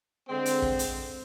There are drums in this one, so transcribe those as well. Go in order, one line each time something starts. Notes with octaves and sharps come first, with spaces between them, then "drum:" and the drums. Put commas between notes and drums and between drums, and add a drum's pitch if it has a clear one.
D3 G#3 C4
drum: hi-hat
drum: kick
drum: hi-hat